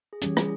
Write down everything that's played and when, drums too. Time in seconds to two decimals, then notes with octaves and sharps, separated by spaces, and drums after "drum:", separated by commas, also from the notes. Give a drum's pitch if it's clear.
0.13 G#4
0.22 E3 G3 C#4 G4, drum: hi-hat
0.37 G#4, drum: rim click